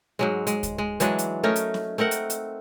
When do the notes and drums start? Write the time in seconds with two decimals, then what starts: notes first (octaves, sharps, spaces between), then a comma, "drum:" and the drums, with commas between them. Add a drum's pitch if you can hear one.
0.19 G#2 F#3 G#3
0.47 G#3, drum: hi-hat
0.63 drum: kick D2, hi-hat
0.78 G#3
1.00 E3 F#3 G#3 D4, drum: hi-hat
1.19 drum: hi-hat
1.43 A3 C#4 D#4 A#4
1.56 drum: hi-hat
1.74 drum: snare
1.98 A3 C4 A#4 F#5
2.11 drum: hi-hat
2.30 drum: hi-hat